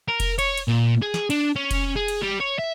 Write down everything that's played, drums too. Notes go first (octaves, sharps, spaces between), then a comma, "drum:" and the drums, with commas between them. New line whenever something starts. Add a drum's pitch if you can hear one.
A#4
drum: kick F1, cymbal
C#5, drum: cymbal
drum: cymbal
A#2
G#4
drum: snare
D4, drum: cymbal
C#4
drum: kick F1, cymbal
G#4
drum: cymbal
G3
C#5
E5